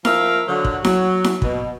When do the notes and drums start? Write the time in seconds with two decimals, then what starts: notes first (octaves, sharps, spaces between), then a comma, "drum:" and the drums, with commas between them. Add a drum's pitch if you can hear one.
0.05 F3 A#4 E5 F5, drum: snare E4
0.48 D3 F#3
0.65 drum: kick
0.85 F#3, drum: snare E4
1.24 drum: snare E4
1.42 B2, drum: kick